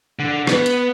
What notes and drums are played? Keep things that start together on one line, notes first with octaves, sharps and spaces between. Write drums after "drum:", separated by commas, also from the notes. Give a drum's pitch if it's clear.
D3
B3, drum: rim click
drum: hi-hat